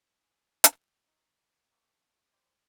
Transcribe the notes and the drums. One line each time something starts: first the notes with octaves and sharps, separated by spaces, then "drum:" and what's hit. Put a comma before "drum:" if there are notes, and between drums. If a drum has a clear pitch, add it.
D3 G#4
drum: hi-hat
G4
A3 D#4
A#3
C3 A3 A#3 C4
G3 C4 C5 D5